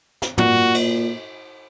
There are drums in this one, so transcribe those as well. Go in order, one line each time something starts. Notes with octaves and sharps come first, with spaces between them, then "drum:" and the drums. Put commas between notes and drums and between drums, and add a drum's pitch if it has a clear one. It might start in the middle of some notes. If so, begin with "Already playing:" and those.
drum: snare
A#2 F#4, drum: tom
drum: cymbal